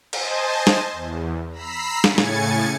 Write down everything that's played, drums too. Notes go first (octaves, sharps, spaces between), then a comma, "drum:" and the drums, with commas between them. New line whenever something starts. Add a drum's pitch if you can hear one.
C5 D#5 G#5 A5, drum: cymbal
drum: snare
E2
A#5 B5 E6 B6 C7
A2 C#3 G#5 G#6 A6 C#7, drum: snare
drum: snare